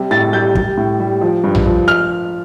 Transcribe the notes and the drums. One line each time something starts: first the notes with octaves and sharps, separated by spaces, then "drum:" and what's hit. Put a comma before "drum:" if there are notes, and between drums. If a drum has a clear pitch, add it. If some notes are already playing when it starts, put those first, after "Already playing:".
Already playing: C3 G3
A2 A6
G3 G6
G3, drum: kick
A2
G3
F3
G2
drum: tom A#1
F3
F6